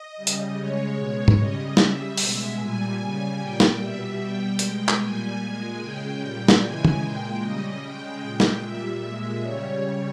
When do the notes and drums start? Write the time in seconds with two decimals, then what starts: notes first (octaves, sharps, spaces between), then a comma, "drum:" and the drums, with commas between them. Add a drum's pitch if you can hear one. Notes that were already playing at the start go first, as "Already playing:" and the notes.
Already playing: D#5
0.17 C#3 G3
0.27 drum: hi-hat
0.57 C#3 G#3 C#5
0.97 B2 G#3
1.28 drum: tom G#2
1.37 C#3 G3 D#5
1.77 C#3 G3 E5, drum: snare
2.17 B2 G#3, drum: open hi-hat
2.58 A#2 G3 G#5
2.98 C#3 G3 G#5
3.38 A#2 G3 G5
3.60 drum: snare
3.79 B2 G3 E5
4.19 B2 G3 G5
4.59 B2 G#3 G5, drum: hi-hat
4.88 drum: clap
4.99 A#2 G3 G#5
5.40 A#2 G#3
5.80 C#3 G#3 G5
6.20 A#2 G3 G5
6.48 drum: snare
6.60 C#3 E3 G#3 G#5
6.85 drum: tom
7.00 A#2 G#3 G5
7.40 C#3 G3 D#5
7.81 C#3 G#3 G5
8.21 A#2 G#3
8.40 drum: snare
8.62 A#2 G3 E5
9.02 A#2 G#3
9.42 C#3 G3 C#5